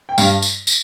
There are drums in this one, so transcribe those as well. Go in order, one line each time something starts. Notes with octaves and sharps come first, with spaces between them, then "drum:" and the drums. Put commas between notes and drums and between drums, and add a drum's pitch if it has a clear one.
G5
G2 F5, drum: tambourine
drum: tambourine
drum: tambourine